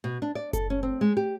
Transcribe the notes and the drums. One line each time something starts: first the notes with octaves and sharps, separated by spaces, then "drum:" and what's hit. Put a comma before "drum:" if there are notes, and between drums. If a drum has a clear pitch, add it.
B2
D4
D5
A4, drum: kick F#1, hi-hat
C#4
C4
G#3
G4